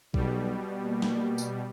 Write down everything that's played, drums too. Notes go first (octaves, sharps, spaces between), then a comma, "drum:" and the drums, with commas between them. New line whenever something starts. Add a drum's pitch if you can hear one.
B1 B2 G3, drum: kick A#1
A#3
drum: snare
drum: tambourine